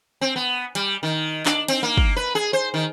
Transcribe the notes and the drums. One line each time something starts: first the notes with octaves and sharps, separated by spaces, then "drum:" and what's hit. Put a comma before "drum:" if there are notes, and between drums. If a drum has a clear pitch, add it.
C4
B3
G3, drum: hi-hat
D#3
D4, drum: clap
C4, drum: cymbal
A#3
drum: kick
B4
G#4
C5
D#3